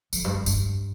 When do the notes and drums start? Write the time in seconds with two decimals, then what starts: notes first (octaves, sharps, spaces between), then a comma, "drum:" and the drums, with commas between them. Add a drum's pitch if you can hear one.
0.13 F2, drum: tambourine
0.24 G2
0.34 G2
0.46 G2, drum: tambourine